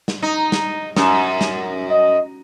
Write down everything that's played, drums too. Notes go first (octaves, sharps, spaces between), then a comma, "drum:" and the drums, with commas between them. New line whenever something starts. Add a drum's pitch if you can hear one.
drum: snare
D#4
drum: snare
F#2, drum: snare
drum: snare
D#5